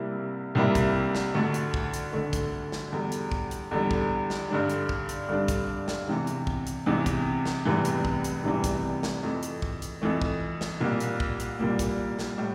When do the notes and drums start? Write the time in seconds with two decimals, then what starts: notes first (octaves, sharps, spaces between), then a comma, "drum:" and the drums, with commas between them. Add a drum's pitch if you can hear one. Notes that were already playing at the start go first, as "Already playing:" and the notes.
Already playing: C2 C3 G3 A#3 E4
0.55 C2 C3 G3 A#3 E4
0.75 drum: kick, hi-hat
1.15 drum: snare
1.34 D2 D3 A3
1.54 drum: hi-hat
1.74 drum: kick
1.94 drum: hi-hat
2.13 D2 D3 A3
2.33 drum: kick, hi-hat
2.72 drum: snare
2.92 E2 D3 G3
3.12 drum: hi-hat
3.32 drum: kick
3.51 drum: hi-hat
3.71 E2 D3 G3
3.91 drum: kick
4.30 drum: snare
4.50 G2 D3 G3 D4
4.70 drum: hi-hat
4.89 drum: kick
5.09 drum: hi-hat
5.29 G2 D3 G3 D4
5.48 drum: kick, hi-hat
5.88 drum: snare
6.07 E2 C3 E3
6.27 drum: hi-hat
6.47 drum: kick
6.67 drum: hi-hat
6.86 E2 C3 E3
7.06 drum: kick, hi-hat
7.46 drum: snare
7.65 F1 E2 C3 E3 G3
7.85 drum: hi-hat
8.05 drum: kick
8.24 drum: hi-hat
8.44 F1 E2 C3 E3 G3
8.64 drum: kick, hi-hat
9.03 drum: snare
9.23 F2 E3 A3
9.43 drum: hi-hat
9.62 drum: kick
9.82 drum: hi-hat
10.02 F2 E3 A3
10.22 drum: kick
10.61 drum: snare
10.81 C2 A#2 G3 A#3
11.00 drum: hi-hat
11.20 drum: kick
11.40 drum: hi-hat
11.59 C2 A#2 G3 A#3
11.79 drum: kick, hi-hat
12.19 drum: snare
12.38 A2 G3